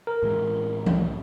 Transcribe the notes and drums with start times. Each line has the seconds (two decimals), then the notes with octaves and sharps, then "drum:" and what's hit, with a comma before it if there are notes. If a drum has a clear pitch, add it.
0.07 A#4
0.23 A2 E3 G#3
0.86 C2 F#2 A2, drum: tom E3